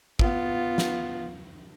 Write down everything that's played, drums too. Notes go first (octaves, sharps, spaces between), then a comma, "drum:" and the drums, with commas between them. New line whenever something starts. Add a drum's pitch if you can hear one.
B3 F4, drum: kick
drum: snare